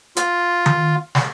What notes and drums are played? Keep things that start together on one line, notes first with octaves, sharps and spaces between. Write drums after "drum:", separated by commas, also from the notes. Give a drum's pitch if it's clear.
F4, drum: hi-hat
drum: tom D#3
drum: snare